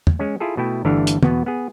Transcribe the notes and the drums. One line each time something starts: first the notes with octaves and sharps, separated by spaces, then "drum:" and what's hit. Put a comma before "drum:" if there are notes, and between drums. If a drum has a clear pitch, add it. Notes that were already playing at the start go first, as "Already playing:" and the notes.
drum: tom
G#3 C#4
E4 F4 G#4 A4
B2 A3 E4 G5
G1 D3 E3 A3 D4 F5
drum: hi-hat
E2 B2 B3, drum: tom
B3 G#4